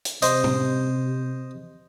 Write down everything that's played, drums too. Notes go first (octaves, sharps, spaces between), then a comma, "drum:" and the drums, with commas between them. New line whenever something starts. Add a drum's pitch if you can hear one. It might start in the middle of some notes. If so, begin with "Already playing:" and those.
drum: hi-hat
C3 C5 D#5, drum: hi-hat
drum: tom A2